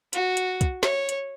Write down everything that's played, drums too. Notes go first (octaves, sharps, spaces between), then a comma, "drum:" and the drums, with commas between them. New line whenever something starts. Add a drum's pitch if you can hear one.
F#4, drum: hi-hat
drum: hi-hat
drum: kick, hi-hat
C#5, drum: snare
drum: hi-hat